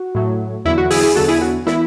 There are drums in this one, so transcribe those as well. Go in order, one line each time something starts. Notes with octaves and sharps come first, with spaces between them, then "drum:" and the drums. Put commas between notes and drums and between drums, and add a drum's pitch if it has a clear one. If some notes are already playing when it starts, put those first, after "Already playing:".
Already playing: F#4
A2 F#3 A3
E2 D3 F#3 B3 E4
F#4
E4 G#4, drum: open hi-hat
E4 G#4
E2 D3 F#3 B3 F#4 A4
E4 G#4
F#4
E3 B3 E4, drum: snare